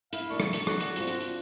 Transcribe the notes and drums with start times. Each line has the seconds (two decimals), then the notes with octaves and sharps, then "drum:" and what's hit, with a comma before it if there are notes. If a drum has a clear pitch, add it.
0.13 E4 F5, drum: hi-hat
0.30 F#3 A#3 D4 C#6
0.40 drum: rim click
0.53 drum: hi-hat
0.67 F#4, drum: rim click
0.80 drum: hi-hat
0.96 C4 D4 F4, drum: hi-hat
1.07 drum: hi-hat
1.20 drum: hi-hat